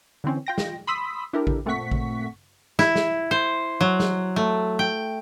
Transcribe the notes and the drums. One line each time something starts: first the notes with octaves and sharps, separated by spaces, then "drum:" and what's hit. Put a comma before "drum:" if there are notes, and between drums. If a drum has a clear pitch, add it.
D3 E3 C4 C#4
F4 G5 A#6
drum: snare
B5 C6 D#6 E6 B6
D4 E4 G4 A4 A#4
drum: kick A1
A#2 A3 C4 F#5 C#6 B6
drum: kick A1
E4, drum: snare
drum: snare
C5
F#3
drum: snare
A3
G5